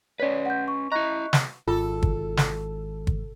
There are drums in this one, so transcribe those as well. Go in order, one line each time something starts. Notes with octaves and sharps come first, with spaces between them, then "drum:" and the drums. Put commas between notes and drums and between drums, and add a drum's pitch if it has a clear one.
C#4 B4 C#5 D5
F#5 G6
C#6
E4 D#5 A#5 C#6 F#6
drum: snare
G#1 F4 A4 D6
drum: kick
drum: snare
drum: kick